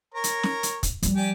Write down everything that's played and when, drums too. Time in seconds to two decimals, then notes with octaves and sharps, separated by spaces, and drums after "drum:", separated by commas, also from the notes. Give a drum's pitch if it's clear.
0.14 A#4 C#5 A#5
0.24 drum: hi-hat
0.43 drum: snare
0.63 drum: hi-hat
0.83 drum: kick, hi-hat
1.03 F3 G3, drum: hi-hat
1.16 G4 D5 G#5